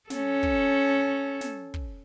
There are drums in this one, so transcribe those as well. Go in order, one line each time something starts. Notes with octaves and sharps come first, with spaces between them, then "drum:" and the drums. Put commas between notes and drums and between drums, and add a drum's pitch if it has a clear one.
C#4 A4, drum: snare
drum: kick
drum: snare
drum: kick